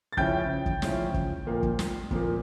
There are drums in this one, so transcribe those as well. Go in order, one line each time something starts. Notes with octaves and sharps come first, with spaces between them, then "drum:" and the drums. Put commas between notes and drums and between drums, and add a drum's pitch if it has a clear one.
A6
C#3 F3 C#4 E4 G5 G6, drum: kick
drum: kick
C#3 F3 C#4 E4, drum: snare
drum: kick
A#2 F3 A#3
drum: kick
drum: snare
A#2 F3 A#3, drum: kick